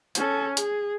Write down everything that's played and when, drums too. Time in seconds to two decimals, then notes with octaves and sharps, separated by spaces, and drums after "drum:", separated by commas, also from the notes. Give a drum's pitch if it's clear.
0.15 C#4 A4, drum: hi-hat
0.57 G#4, drum: hi-hat